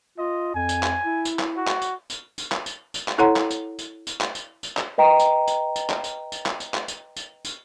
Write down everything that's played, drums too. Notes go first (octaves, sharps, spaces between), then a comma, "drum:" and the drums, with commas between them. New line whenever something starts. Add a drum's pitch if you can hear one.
F4 D#5
F2 G#5
drum: tambourine
drum: clap
E4
drum: tambourine
drum: clap
F#4
drum: clap
drum: tambourine
drum: tambourine
drum: tambourine
drum: clap
drum: tambourine
drum: tambourine
drum: clap
E4 A4 C#5 F#5 A#5 C6
drum: clap
drum: tambourine
drum: tambourine
drum: tambourine
drum: clap
drum: tambourine
drum: tambourine
drum: clap
B4 D#5 G5 A#5
drum: tambourine
drum: tambourine
drum: tambourine
drum: clap
drum: tambourine
drum: tambourine
drum: clap
drum: tambourine
drum: clap
drum: tambourine
drum: tambourine
drum: tambourine